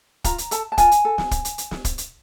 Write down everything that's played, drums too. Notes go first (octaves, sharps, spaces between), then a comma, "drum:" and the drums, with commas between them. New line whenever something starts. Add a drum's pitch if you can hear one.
F4 A#5, drum: kick, hi-hat
drum: hi-hat
A4 A5, drum: hi-hat
A5
F4 G#5, drum: kick, hi-hat
drum: hi-hat
A4
drum: snare
drum: kick, hi-hat
drum: hi-hat
drum: hi-hat
drum: snare
drum: kick, hi-hat
drum: hi-hat